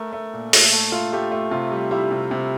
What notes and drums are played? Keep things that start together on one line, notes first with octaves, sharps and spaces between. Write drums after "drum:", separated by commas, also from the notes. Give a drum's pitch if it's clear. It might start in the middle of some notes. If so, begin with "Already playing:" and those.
Already playing: A3 A#4
A3
A#2
A3, drum: open hi-hat
A3 A4
A3 F4
A3 G4
A3
C3 F4
G3
G3 E4
C3
C3